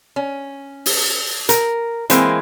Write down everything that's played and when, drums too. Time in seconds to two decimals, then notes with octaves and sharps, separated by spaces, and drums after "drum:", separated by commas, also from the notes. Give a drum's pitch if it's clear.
0.16 C#4
0.86 drum: open hi-hat
1.49 A#4, drum: hi-hat
2.10 E3 G#3 A#3 C4, drum: hi-hat